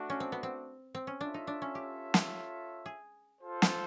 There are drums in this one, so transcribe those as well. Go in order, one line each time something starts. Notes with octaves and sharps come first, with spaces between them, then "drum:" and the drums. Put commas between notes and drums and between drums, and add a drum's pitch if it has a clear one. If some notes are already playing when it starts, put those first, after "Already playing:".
Already playing: A3 D4 F#4
C#4
C4
B3
C4
C4
C#4
D4 F4 A4 C#5 E5
D#4
D4
C#4
G4
drum: snare
G#4
F4 A4 C5
drum: snare